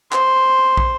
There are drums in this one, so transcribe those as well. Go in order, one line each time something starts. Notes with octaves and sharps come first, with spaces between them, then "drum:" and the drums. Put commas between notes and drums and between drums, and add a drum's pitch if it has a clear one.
C5, drum: clap
drum: kick